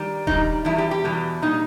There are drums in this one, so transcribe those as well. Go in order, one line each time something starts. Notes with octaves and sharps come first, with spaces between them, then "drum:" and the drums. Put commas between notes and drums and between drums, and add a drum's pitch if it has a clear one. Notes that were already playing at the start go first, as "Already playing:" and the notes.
Already playing: D#3 G3
G#2 D#3 G3 D#4, drum: kick D#1
E2 B2 G3 E4
G4
G4
E2 B2 G3
A#2 G3 D#4